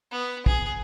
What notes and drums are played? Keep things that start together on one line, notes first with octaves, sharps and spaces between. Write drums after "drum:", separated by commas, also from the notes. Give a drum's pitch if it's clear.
B3
G#4, drum: kick